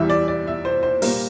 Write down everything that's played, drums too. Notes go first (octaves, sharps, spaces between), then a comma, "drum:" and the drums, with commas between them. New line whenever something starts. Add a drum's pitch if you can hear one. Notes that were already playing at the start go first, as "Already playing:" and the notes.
Already playing: E2 E3 G3 E5
D5
D5
E5
C5
C5
A#2 G3 A#3 A#4, drum: open hi-hat